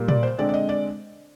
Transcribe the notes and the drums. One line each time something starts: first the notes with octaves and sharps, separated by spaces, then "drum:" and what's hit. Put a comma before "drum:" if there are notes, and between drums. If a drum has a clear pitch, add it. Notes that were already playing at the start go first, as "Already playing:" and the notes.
Already playing: A#2 G3 A#3
D5, drum: tom A#2
C5
D3 G#3 C4 D5
D5
D#5
D5